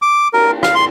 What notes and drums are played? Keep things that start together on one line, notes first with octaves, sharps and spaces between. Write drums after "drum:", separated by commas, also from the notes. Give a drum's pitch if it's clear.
D6
A#4, drum: cymbal
F5, drum: rim click
C6